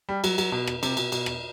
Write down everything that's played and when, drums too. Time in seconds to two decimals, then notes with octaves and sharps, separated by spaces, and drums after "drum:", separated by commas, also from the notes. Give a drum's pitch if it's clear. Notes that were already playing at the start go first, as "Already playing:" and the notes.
0.09 G3
0.24 F#3, drum: cymbal
0.38 F#3, drum: cymbal
0.52 B2
0.67 drum: rim click
0.83 C3, drum: cymbal
0.97 B2, drum: cymbal
1.12 B2, drum: cymbal
1.26 drum: rim click